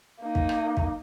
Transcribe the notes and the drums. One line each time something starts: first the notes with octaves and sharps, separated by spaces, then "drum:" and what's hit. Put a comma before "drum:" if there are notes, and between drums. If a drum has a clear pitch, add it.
A#3 D#4
drum: kick
drum: rim click
drum: kick